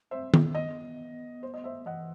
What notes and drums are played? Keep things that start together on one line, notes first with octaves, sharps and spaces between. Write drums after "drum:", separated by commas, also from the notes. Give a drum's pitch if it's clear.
C4 C5 E5
B3, drum: tom D#3
B3 D#5
C5
D#5
C5 E5
E3 D#5 F#5